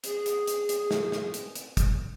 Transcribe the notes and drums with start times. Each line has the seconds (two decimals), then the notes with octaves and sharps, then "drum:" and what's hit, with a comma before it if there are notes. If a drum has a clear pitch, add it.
0.04 G#4, drum: hi-hat
0.26 drum: hi-hat
0.47 drum: hi-hat
0.69 drum: hi-hat
0.91 drum: snare
1.12 drum: snare
1.34 drum: hi-hat
1.55 drum: hi-hat
1.77 drum: kick, hi-hat